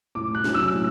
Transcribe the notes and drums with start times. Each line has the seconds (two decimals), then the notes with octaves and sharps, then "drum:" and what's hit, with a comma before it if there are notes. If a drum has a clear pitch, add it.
0.15 A2 D6
0.35 F#6
0.44 F#3 C#4, drum: snare
0.54 E6
0.74 A2